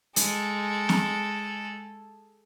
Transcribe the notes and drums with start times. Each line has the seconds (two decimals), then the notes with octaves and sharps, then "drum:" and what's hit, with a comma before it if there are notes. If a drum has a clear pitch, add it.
0.16 G#3 A4, drum: hi-hat
0.89 drum: snare